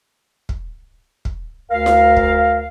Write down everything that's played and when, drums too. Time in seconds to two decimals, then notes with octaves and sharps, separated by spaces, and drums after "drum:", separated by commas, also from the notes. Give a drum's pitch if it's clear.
0.49 drum: kick
1.25 drum: kick
1.71 D2 A#4 F5
1.86 drum: snare E4
2.17 drum: kick